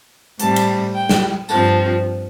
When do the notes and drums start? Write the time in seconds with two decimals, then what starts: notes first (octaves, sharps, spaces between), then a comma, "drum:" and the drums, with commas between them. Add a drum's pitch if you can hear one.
0.40 A2 G3 C4 A5, drum: hi-hat
0.56 drum: cymbal
0.95 G5
1.09 drum: snare
1.49 G2 F3 C4 A5, drum: tambourine